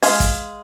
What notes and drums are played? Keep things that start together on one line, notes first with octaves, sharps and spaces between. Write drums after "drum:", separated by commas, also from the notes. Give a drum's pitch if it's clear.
G#3 F5 G#5, drum: open hi-hat
drum: kick, hi-hat